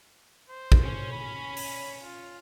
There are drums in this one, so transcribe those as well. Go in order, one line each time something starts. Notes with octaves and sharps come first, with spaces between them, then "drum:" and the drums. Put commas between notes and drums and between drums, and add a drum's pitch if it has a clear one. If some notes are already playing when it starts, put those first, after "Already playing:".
C5
drum: kick A1
C#4
B5
drum: open hi-hat
F4